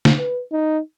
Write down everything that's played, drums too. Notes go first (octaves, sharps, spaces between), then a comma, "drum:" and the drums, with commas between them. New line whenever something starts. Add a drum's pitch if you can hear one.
drum: snare
B4
D#4